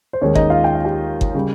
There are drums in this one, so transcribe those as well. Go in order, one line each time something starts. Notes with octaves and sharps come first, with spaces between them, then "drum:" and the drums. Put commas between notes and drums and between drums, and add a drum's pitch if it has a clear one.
C5
D#2 D#3 G#3 C#4 C#5
D#4 D#5, drum: kick G1
F4 F5
G5
F5
G4 G5
drum: kick G1
C#3 G3